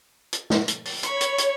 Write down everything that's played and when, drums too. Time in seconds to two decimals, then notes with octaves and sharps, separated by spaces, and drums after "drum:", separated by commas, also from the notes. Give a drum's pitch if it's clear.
0.33 drum: hi-hat
0.50 drum: snare
0.68 drum: hi-hat
0.85 drum: open hi-hat
1.03 C#5 B5 C#6, drum: hi-hat
1.21 drum: hi-hat
1.38 drum: hi-hat